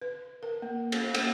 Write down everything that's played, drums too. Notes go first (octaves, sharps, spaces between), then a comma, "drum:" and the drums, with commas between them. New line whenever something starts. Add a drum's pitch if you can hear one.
B4
A#4
A#3
drum: cymbal
A#3, drum: cymbal